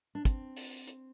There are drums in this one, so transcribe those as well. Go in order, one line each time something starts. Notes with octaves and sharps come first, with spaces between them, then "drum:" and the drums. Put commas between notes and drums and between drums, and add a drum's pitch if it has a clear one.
D4
C4, drum: kick, hi-hat
drum: open hi-hat
drum: hi-hat